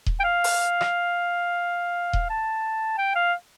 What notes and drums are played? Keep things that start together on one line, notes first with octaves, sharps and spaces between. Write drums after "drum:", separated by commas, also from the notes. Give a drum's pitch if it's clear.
drum: kick D#1
G5
F5
drum: open hi-hat
drum: rim click
drum: kick D#1
A5
G5
F5